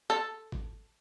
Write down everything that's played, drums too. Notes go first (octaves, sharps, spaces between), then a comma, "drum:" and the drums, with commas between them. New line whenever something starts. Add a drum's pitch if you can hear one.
A4
drum: kick G#1